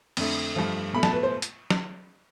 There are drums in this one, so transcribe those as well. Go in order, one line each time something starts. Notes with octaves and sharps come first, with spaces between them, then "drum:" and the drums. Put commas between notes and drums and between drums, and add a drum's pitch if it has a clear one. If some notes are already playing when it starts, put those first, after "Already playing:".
F2 D3 A3, drum: cymbal
G2 F3 A3
B2 A3 B5
A5, drum: snare F#3
B4
C5
drum: hi-hat
drum: snare F#3